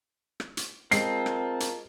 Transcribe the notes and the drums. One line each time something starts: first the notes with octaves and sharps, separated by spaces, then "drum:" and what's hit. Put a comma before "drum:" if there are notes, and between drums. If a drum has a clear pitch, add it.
drum: rim click
drum: hi-hat
G#3 C4 F4 A#4 A5 C7, drum: hi-hat
drum: rim click
drum: hi-hat